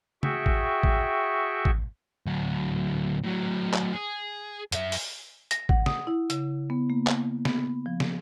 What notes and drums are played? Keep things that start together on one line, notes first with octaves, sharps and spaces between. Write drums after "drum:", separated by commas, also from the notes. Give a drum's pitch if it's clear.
F#4 G#4 E5 G5 C#6, drum: tom C#3
drum: kick A1
drum: kick A1
drum: kick A1
D2 F#3
A2 F#3
drum: clap
G#4
F#2 E5, drum: hi-hat
drum: open hi-hat
A#6, drum: hi-hat
F#5, drum: kick A1
D#6, drum: snare
E4
C#3, drum: hi-hat
B3
A#3
drum: clap
B3, drum: snare
F3
drum: snare